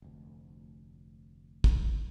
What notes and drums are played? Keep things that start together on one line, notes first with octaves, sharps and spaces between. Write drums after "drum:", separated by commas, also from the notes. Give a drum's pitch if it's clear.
F1 D2
drum: kick